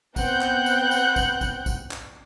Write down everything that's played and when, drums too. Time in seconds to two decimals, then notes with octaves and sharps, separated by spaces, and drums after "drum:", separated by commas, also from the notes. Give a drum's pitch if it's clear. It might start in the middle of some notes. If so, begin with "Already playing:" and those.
0.16 B3 C4 F#5 G5 F#6 G6, drum: kick, tambourine
0.41 drum: clap
0.66 drum: tambourine
0.91 drum: tambourine
1.16 drum: kick, tambourine
1.41 drum: kick, tambourine
1.66 drum: kick, tambourine
1.91 drum: clap